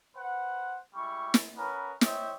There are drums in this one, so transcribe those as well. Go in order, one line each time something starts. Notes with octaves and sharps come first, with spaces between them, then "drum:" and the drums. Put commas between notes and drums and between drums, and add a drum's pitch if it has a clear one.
B4 C5 F#5
G3 G#3 E4 C#6
drum: snare
B3 C#4 A#4 B4
C5 C#5 D#5 E5 G5, drum: snare